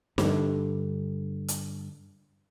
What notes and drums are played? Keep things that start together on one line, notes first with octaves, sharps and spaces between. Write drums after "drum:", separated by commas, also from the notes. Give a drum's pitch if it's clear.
G2 D3, drum: snare
drum: hi-hat